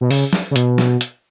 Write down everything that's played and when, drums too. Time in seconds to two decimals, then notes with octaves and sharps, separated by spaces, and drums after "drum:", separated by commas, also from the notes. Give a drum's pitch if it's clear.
0.01 B2
0.11 C#3, drum: open hi-hat
0.33 drum: snare
0.51 C#3
0.56 B2, drum: hi-hat
0.78 drum: snare
1.01 drum: hi-hat